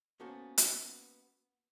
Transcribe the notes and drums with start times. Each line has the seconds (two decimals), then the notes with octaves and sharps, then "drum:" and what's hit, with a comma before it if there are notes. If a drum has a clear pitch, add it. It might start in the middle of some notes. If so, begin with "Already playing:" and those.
0.20 A#3 B3 C#4 F#4 A4 C5
0.58 drum: hi-hat